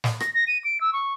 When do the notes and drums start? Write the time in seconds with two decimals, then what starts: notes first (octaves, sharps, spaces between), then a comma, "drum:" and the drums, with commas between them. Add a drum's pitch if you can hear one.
0.04 drum: snare
0.20 A#6, drum: rim click
0.34 A#6
0.48 D#7
0.64 D7
0.81 E6
0.93 C#6